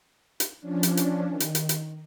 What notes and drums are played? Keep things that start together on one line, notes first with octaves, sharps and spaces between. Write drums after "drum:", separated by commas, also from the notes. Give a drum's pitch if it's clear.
drum: hi-hat
F3 C#4 D4
drum: hi-hat
drum: hi-hat
D#3
drum: hi-hat
drum: hi-hat
drum: hi-hat